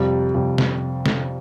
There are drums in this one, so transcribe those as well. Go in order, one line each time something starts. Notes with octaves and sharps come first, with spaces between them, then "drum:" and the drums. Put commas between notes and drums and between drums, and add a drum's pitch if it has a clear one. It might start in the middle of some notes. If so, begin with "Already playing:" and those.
Already playing: F2 C3 G3
F2 C3 G3
drum: snare
drum: snare